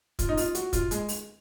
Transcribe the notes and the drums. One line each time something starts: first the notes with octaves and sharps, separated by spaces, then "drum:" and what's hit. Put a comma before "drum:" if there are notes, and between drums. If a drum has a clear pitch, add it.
F4, drum: kick, hi-hat
D#4
F4, drum: open hi-hat
F#4, drum: hi-hat
F4, drum: kick, hi-hat
G#3, drum: hi-hat
drum: open hi-hat